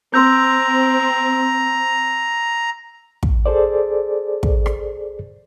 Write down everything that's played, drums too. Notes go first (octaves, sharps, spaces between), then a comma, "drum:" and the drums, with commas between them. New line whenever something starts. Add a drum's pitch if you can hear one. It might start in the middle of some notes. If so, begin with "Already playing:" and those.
C4 A#5 C6 E6 G6
drum: kick
G#4 A4 C5 D5
drum: kick
drum: rim click